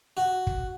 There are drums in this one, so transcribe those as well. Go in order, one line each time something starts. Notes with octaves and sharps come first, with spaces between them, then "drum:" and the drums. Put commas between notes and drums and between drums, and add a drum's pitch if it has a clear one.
F#4
drum: kick